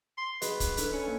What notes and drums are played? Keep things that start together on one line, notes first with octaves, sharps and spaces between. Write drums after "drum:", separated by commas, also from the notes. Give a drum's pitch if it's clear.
C6
F#4 G#4 B4 D#5, drum: hi-hat
drum: kick, hi-hat
D4 D#4 A4, drum: hi-hat
C#4 D#4
A#3 G#5